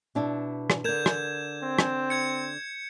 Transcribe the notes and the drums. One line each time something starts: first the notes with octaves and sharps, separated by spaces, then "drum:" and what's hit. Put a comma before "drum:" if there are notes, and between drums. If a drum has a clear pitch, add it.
B2 D4 E4
drum: rim click
D3 A#4 G6 G#6 E7
drum: rim click
C4
drum: rim click
G6 G#6 C#7